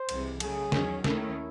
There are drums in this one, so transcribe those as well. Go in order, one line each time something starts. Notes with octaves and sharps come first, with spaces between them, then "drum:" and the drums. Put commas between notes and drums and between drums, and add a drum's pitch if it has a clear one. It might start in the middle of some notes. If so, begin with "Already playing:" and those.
Already playing: C5
C2 C3 E3 G#3, drum: cymbal
C#3 F#3 A3 G#4, drum: cymbal
E2 D#3 F#3 C#4, drum: snare
D#2 D#3 A3 C#4 E4, drum: snare